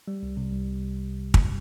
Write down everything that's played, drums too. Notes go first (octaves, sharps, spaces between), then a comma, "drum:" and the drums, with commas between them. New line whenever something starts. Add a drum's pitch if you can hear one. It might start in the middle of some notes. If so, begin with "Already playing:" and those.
G3
C2
C3
C2
drum: kick